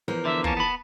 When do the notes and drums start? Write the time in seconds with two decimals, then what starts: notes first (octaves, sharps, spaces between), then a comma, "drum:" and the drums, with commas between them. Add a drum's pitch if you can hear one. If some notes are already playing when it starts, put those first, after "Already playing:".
0.08 E2 F3 A#4
0.25 D3 E5
0.44 A#3 C#4 A5, drum: kick
0.57 B3 B5